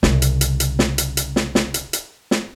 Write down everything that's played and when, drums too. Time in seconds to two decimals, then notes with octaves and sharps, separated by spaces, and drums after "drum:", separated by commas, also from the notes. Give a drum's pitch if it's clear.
0.03 C2 C#3, drum: snare
0.22 drum: hi-hat
0.41 drum: hi-hat
0.60 drum: hi-hat
0.79 drum: snare
0.98 drum: hi-hat
1.17 drum: hi-hat
1.36 drum: snare
1.55 drum: snare
1.74 drum: hi-hat
1.93 drum: hi-hat
2.31 drum: snare